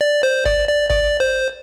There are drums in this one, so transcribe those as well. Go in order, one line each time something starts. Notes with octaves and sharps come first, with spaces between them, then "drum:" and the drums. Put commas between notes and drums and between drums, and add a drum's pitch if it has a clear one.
D5
C5
D5, drum: kick G1
D5
D5, drum: kick G1
C5